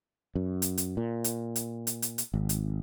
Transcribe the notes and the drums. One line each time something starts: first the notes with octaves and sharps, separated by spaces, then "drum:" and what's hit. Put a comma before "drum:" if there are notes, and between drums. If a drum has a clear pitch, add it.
F#2
drum: hi-hat
drum: hi-hat
A#2
drum: hi-hat
drum: hi-hat
drum: hi-hat
drum: hi-hat
drum: hi-hat
G#1
drum: hi-hat